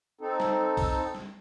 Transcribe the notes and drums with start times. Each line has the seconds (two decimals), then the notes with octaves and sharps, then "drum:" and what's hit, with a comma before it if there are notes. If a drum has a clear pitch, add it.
0.21 C4 D#4 A4
0.40 drum: snare
0.77 drum: kick, open hi-hat
1.15 drum: snare